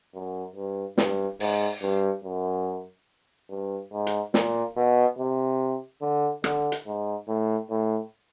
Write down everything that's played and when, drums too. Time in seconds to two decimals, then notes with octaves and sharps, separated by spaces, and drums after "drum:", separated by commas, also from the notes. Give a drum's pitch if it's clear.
0.14 F#2
0.55 G2
0.98 G2, drum: snare
1.40 G#2, drum: open hi-hat
1.82 G2
2.24 F#2
3.49 G2
3.92 G#2
4.07 drum: hi-hat
4.34 A#2, drum: snare
4.76 B2
5.18 C3
6.01 D3
6.44 D3, drum: rim click
6.72 drum: hi-hat
6.86 G#2
7.27 A2
7.70 A2